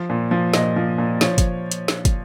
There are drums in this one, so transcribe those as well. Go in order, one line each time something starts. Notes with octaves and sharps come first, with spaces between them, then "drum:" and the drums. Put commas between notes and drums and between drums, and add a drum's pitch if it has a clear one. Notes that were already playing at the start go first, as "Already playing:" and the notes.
Already playing: F3
A#2
F3
A#2 D#5, drum: snare
F3
A#2
F3 C#5, drum: snare
drum: kick, hi-hat
drum: hi-hat
drum: snare
drum: kick, hi-hat